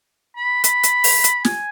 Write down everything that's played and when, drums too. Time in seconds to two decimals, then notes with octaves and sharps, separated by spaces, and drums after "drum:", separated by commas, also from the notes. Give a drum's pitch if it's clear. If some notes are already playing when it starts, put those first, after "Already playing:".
0.36 B5
0.64 B5, drum: hi-hat
0.84 drum: hi-hat
1.04 drum: open hi-hat
1.24 drum: hi-hat
1.45 G#5, drum: snare